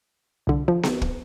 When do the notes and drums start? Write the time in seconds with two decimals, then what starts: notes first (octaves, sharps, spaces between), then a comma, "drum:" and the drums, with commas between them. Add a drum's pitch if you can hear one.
0.47 C2 D3
0.68 F3
0.83 drum: snare B3
1.02 drum: kick